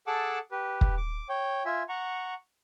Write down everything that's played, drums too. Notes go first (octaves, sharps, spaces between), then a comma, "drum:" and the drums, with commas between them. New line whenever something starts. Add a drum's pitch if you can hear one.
G#4 A4 F#5 A5 D6 E6
G4 B4
drum: kick
D6
C#5 G5
F4 E5 G#5
F#5 A#5 C#6